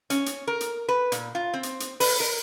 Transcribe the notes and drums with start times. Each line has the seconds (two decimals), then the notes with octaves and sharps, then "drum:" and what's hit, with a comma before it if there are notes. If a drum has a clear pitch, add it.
0.10 C#4, drum: hi-hat
0.26 drum: hi-hat
0.47 A#4
0.60 drum: hi-hat
0.88 B4
1.12 A#2, drum: hi-hat
1.35 F4
1.54 C4
1.63 drum: hi-hat
1.80 drum: hi-hat
2.00 B4, drum: open hi-hat
2.20 A#4